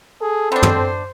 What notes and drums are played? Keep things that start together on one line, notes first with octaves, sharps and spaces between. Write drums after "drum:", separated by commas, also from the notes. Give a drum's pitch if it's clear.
G#4 A4
B3 C4 D4 C5
drum: tom